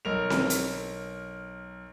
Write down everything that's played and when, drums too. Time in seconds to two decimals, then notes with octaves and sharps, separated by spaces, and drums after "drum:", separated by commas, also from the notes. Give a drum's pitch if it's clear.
0.05 B1 A#4 F7
0.30 drum: snare C4
0.50 drum: hi-hat